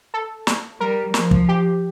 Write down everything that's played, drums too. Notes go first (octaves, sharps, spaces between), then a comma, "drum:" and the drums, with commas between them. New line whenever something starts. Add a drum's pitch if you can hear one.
A4
drum: snare
G3 A#4
F3, drum: snare
drum: kick
G4